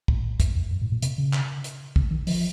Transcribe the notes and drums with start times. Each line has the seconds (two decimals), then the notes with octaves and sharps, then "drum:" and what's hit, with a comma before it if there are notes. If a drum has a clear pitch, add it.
0.08 A2, drum: kick
0.40 F#2, drum: kick, hi-hat
0.55 F2
0.71 F#2
0.82 A2
0.92 A#2
1.02 C3, drum: hi-hat
1.18 C#3
1.33 drum: clap
1.64 drum: hi-hat
1.96 C#3, drum: kick
2.11 D#3
2.27 F3, drum: open hi-hat